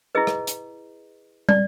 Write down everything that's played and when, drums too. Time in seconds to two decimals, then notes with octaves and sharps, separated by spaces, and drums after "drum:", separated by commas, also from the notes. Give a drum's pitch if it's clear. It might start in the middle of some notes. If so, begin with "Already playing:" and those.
0.15 E4 G#4 B4 D#5
0.27 drum: rim click
0.47 drum: hi-hat
1.49 D5, drum: tom